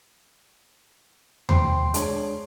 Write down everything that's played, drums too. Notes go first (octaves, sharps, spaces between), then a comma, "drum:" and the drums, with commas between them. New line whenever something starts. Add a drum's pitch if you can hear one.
C5 G5 C6, drum: tom D#2
G#3 D4 C#5, drum: hi-hat